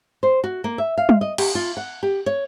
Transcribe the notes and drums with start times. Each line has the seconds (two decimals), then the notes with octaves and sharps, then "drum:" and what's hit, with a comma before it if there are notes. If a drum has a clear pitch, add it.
0.23 C5
0.44 F#4
0.64 A#3
0.78 E5
0.98 F5
1.09 drum: tom G3
1.21 D#5
1.38 G4, drum: cymbal
1.55 F4
1.77 F#5
2.03 G4
2.26 C#5